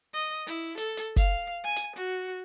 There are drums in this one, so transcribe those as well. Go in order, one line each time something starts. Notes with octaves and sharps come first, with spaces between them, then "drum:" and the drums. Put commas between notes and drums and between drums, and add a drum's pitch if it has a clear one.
D#5
E4
A4, drum: hi-hat
drum: hi-hat
F5, drum: kick F#1, hi-hat
G#5
drum: hi-hat
F#4